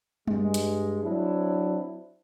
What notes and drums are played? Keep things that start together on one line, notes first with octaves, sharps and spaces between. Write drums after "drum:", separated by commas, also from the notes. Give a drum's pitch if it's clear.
G2 G#3, drum: tom G3
drum: hi-hat
F#3 C4 D4 E4